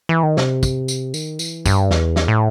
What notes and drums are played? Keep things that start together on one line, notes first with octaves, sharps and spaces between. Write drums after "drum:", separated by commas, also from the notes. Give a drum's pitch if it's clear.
E3
D#3
C3, drum: snare
drum: kick, tambourine
drum: tambourine
D#3, drum: tambourine
E3, drum: tambourine
G2, drum: kick, tambourine
E2, drum: snare
drum: snare
A2